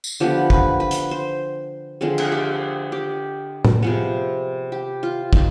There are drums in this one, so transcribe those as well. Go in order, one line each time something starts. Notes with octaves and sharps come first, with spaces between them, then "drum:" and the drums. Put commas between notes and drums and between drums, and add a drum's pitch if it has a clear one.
drum: tambourine
D3 F3 B3 G4
B4, drum: kick
B4
drum: hi-hat
C5
D3 F3 G#3 C4 G#4
drum: cymbal
G4
G4
drum: tom A2
C3 F3 B3 G#4
G4
F4
D#4, drum: kick